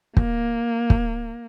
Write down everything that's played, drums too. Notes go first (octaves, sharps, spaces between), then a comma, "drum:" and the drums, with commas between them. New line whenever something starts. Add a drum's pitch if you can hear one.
A#3, drum: kick
drum: kick